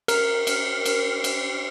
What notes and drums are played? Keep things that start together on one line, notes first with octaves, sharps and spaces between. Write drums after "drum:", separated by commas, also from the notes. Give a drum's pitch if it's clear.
A#4 F6, drum: cymbal
drum: cymbal
drum: cymbal
drum: cymbal